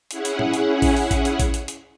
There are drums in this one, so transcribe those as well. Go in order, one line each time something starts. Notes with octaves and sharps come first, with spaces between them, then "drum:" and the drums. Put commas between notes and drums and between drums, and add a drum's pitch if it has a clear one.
C#4 E4 G#4 F#5, drum: hi-hat
drum: hi-hat
drum: tom A2
drum: hi-hat
drum: kick A1, open hi-hat
drum: open hi-hat
drum: kick A1, hi-hat
drum: hi-hat
drum: kick A1, hi-hat
drum: hi-hat
drum: hi-hat